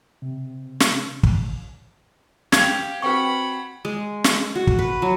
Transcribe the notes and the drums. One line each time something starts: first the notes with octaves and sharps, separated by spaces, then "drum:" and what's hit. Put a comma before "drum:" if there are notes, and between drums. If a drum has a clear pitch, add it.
C3
drum: snare
drum: kick
G4 F5 G#6 F7, drum: snare
C4 F#4 B4 F#5 G5 B5 C#6
G#3
drum: snare
F#4
drum: kick
B4
F#3